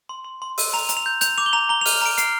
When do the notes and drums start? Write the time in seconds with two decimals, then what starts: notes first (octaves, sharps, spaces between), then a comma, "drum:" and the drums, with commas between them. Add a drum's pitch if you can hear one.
0.09 C6
0.24 C6
0.42 C6
0.58 E6, drum: open hi-hat
0.73 A#5 F7
0.89 A#5, drum: hi-hat
0.97 F7
1.06 G6
1.21 G6 F7, drum: hi-hat
1.38 D6 F7
1.46 G7
1.53 A#5 F7
1.69 A#5 G7
1.81 F7
1.86 F6, drum: open hi-hat
1.93 F7
2.02 A#5 D7
2.18 F6 C7, drum: hi-hat